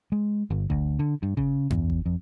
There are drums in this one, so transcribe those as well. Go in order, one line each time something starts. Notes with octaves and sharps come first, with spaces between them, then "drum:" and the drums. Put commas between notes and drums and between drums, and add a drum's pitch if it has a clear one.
G#3
G1
D2, drum: kick G1
D3
G2
C#3, drum: kick G1
E2, drum: tom F#2
drum: kick G1
F2